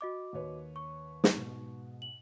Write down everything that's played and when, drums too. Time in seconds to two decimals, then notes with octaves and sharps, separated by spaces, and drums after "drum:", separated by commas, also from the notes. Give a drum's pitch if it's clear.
0.01 F#4 D#5 D6
0.33 D#2 B4 C#5
0.76 C#6
1.24 drum: snare
1.33 G#2 B2
2.02 F#7